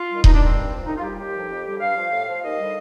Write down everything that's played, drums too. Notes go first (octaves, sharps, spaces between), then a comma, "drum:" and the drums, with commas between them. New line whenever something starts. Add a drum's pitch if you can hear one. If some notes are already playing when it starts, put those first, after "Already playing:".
Already playing: F4
D#3 G3
G2 D#4, drum: kick D#1
D4
D#3 G3 C4
G2
F3
C2 D#4
F4
A#2 G3 G4
D#2 G4
D3 F3
F2
D3 G3
G2 F5
F3
A2
F3
D#2 D#5
D3 G3